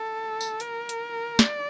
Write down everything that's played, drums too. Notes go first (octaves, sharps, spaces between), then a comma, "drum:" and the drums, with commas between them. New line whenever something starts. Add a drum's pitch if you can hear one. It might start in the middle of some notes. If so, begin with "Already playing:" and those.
Already playing: A4
drum: tambourine
A#4, drum: hi-hat
drum: hi-hat
D5, drum: snare